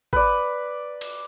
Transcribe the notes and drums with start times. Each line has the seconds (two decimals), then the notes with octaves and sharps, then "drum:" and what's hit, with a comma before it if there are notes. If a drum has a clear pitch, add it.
0.13 B4 D5, drum: kick G1
1.01 drum: cymbal